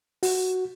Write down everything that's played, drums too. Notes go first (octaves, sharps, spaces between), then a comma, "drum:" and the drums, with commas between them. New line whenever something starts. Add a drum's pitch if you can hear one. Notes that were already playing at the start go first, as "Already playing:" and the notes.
F#4, drum: open hi-hat